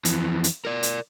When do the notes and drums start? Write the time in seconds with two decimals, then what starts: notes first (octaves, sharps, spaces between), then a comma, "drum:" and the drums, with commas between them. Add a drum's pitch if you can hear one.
0.05 F2 E3, drum: hi-hat
0.44 drum: hi-hat
0.65 A#4 D5
0.83 drum: hi-hat